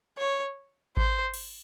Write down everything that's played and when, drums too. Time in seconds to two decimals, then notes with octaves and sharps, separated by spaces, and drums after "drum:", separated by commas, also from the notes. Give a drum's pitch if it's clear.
0.18 C#5
0.97 C5, drum: kick G#1
1.34 drum: cymbal